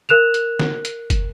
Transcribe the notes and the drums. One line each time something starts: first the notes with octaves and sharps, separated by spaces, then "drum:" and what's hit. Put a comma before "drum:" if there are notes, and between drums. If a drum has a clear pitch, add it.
A#4 F#6 E7 F7
drum: hi-hat
drum: snare
drum: hi-hat
drum: kick, hi-hat